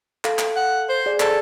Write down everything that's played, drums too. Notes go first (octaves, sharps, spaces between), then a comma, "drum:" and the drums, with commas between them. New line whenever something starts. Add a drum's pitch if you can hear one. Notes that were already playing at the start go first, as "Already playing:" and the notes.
A4 F5, drum: clap
drum: clap
F#5
C5
G#4 D5
A4 D5, drum: clap